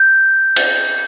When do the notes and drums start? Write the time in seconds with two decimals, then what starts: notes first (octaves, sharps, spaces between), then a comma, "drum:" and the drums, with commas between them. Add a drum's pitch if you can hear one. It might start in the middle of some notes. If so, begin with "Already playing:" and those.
Already playing: G6
0.56 drum: cymbal